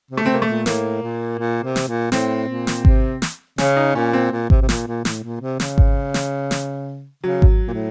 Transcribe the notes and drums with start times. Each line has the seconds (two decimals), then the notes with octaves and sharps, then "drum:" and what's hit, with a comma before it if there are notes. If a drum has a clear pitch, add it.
0.11 C3
0.17 A3
0.23 C#3
0.26 C4
0.29 C3 A#3
0.42 A3
0.48 A#2
0.66 A2 A#3, drum: snare
1.02 A#2
1.39 A#2
1.63 C3
1.76 drum: snare
1.88 A#2
2.12 A2 C4, drum: snare
2.48 A#2
2.67 drum: snare
2.85 C3, drum: kick G#1
3.22 drum: snare
3.58 C#3 C#4, drum: snare
3.77 D#4
3.95 A#2 C#4
4.13 C4
4.32 A#2
4.50 C3, drum: kick G#1
4.62 C3
4.69 A#2, drum: snare
4.87 A#2
5.05 A2, drum: snare
5.23 A#2
5.41 C3
5.60 C#3, drum: snare
5.78 drum: kick G#1
6.14 drum: snare
6.51 drum: snare
7.23 C#3 F#3
7.42 drum: kick G#1
7.68 A#2
7.73 A2